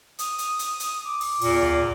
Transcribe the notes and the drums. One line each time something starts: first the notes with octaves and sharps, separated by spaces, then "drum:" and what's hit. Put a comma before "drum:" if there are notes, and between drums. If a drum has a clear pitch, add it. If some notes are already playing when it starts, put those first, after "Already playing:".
D#6, drum: hi-hat
drum: hi-hat
drum: hi-hat
drum: hi-hat
D6
drum: open hi-hat
E2 A#2, drum: open hi-hat
drum: tom D2